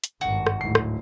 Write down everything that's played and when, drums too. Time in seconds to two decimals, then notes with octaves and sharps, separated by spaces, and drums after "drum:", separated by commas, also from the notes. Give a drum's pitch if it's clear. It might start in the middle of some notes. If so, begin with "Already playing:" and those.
0.04 drum: hi-hat
0.21 G#1 G2 F#4
0.47 drum: rim click
0.61 D1 G#2 C7
0.75 drum: rim click